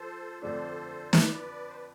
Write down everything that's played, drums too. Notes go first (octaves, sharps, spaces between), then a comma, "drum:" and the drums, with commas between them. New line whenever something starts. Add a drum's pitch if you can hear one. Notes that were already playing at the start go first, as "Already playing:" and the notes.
Already playing: F3 A4 C5
F2 D3 A3 D4 A4 C5
B4 D5, drum: snare
C5
D5